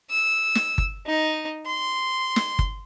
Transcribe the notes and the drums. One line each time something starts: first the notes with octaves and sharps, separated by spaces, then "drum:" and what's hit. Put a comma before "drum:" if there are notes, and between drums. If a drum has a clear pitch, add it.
E6
drum: snare
drum: kick G1
D#4
C6
drum: snare
drum: kick G1